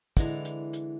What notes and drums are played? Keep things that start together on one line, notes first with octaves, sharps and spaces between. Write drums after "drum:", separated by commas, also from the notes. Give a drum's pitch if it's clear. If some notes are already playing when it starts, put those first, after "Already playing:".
D3 E3 G#3 A#5, drum: kick, hi-hat
drum: hi-hat
drum: hi-hat